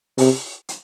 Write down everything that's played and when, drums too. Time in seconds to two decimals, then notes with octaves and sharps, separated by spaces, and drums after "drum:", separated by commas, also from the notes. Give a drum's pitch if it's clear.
0.18 C3, drum: open hi-hat
0.69 drum: hi-hat